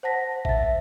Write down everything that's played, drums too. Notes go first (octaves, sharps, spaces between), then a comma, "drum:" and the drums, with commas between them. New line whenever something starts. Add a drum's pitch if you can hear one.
C5 F#5 A5 A#6 B6
E5 A6, drum: kick A1